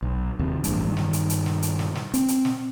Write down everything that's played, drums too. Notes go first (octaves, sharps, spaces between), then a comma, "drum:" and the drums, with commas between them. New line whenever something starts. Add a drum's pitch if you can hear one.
B1
D#2 C3
A1 G2, drum: hi-hat
G2 D#3
drum: snare
drum: hi-hat
drum: hi-hat
drum: snare
drum: hi-hat
drum: snare
drum: snare
C4, drum: hi-hat
drum: hi-hat
drum: snare